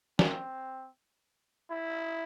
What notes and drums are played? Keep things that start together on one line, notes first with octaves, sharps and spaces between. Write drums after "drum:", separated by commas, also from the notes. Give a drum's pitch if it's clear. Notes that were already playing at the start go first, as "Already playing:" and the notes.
C4, drum: snare
E4